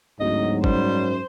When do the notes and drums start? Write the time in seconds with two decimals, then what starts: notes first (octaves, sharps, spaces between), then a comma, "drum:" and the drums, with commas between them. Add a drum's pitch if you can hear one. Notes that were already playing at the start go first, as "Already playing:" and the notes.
0.20 D1 G#2 F#3 D#5
0.64 F#2 G3 C5, drum: kick